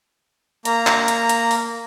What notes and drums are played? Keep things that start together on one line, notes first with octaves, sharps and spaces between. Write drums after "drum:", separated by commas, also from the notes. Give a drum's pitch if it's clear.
A#3 A#5, drum: hi-hat
drum: clap
drum: hi-hat
drum: hi-hat
drum: open hi-hat